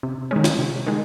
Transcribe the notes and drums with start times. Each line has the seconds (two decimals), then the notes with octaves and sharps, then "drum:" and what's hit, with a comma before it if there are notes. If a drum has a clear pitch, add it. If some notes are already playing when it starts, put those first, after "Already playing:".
0.03 C3
0.31 D#3 G#3 C#4
0.44 drum: snare
0.58 C3
0.87 D#3 G#3